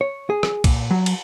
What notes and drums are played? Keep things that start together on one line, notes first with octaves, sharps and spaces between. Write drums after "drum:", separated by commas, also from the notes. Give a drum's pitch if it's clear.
C#5
G#4
drum: rim click
A#2, drum: kick, cymbal
F#3
drum: cymbal